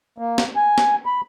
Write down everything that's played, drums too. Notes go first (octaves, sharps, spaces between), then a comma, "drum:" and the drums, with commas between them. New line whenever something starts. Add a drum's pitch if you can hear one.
A#3
drum: snare
G#5
drum: snare
B5